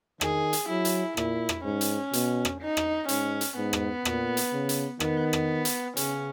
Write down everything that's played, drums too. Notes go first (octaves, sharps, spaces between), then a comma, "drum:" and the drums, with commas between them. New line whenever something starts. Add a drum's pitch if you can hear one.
D#3 G#4, drum: rim click
drum: hi-hat
F#3 E4
drum: hi-hat
A#2 E4, drum: rim click
drum: rim click
G#2 C#4
drum: hi-hat
B2, drum: hi-hat
drum: rim click
D#4
drum: rim click
G#2 C#4, drum: hi-hat
drum: hi-hat
G#2 B3
drum: rim click
A#2, drum: rim click
drum: hi-hat
C#3
drum: hi-hat
D#3 B3, drum: rim click
drum: rim click
drum: hi-hat
C#3 C#4, drum: hi-hat